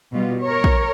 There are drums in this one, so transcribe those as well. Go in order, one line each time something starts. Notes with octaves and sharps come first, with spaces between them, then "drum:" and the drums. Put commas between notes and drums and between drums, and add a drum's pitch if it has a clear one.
B2 G3 F4
A#4 C#5
drum: kick